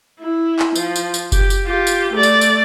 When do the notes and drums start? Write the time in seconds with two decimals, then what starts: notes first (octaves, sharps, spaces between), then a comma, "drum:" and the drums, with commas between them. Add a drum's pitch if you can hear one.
0.20 E4
0.59 drum: clap
0.75 F3, drum: tambourine
0.96 drum: tambourine
1.14 drum: tambourine
1.32 G4, drum: kick F#1, tambourine
1.50 drum: tambourine
1.65 F4 G4
1.87 drum: tambourine
2.13 A3 D5
2.23 drum: tambourine
2.41 drum: tambourine